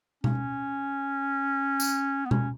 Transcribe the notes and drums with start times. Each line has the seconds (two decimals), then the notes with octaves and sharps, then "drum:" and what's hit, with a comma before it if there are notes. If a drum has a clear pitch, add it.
0.24 C#4, drum: tom B2
1.80 drum: tambourine
2.26 B3
2.31 C#4, drum: tom B2